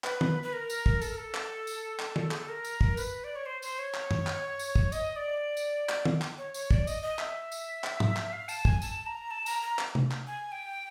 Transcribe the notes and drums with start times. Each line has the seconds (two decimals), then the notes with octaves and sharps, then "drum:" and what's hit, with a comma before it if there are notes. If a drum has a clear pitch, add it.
0.04 B4, drum: clap
0.21 drum: tom
0.43 B4
0.53 A#4
0.70 drum: tambourine
0.86 drum: kick
1.02 A4, drum: tambourine
1.10 A#4
1.16 A4
1.35 drum: clap
1.67 drum: tambourine
2.00 drum: clap
2.16 drum: tom
2.31 G#4, drum: clap
2.40 A4
2.48 A#4
2.64 drum: tambourine
2.81 drum: kick
2.97 B4, drum: tambourine
3.24 D5
3.36 C#5
3.46 C5
3.62 C5, drum: tambourine
3.79 C#5
3.94 drum: clap
4.11 drum: tom F#2
4.27 drum: clap
4.59 drum: tambourine
4.76 drum: kick
4.92 D#5, drum: tambourine
5.16 D5
5.57 drum: tambourine
5.89 drum: clap
6.05 drum: tom
6.22 drum: clap
6.38 C#5
6.54 C#5, drum: tambourine
6.71 D5, drum: kick
6.87 D#5, drum: tambourine
7.03 D#5
7.19 E5, drum: clap
7.52 drum: tambourine
7.84 drum: clap
8.00 drum: tom G#2
8.17 drum: clap
8.33 F5
8.48 A5, drum: tambourine
8.65 G#5, drum: kick
8.82 A5, drum: tambourine
9.06 A#5
9.31 A5
9.46 A#5, drum: tambourine
9.62 A#5
9.79 drum: clap
9.95 drum: tom
10.11 drum: clap
10.27 G#5
10.52 G5